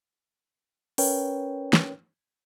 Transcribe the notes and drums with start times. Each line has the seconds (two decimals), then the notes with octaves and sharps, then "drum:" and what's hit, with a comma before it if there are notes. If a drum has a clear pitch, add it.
0.98 C#4 A#4 B4 C#5 G5, drum: open hi-hat
1.73 drum: snare